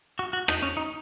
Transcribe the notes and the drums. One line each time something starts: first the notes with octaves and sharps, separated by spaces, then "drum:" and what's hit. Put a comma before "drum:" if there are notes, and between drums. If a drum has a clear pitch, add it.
F#4
F#4
D#4, drum: rim click
C#4
D#4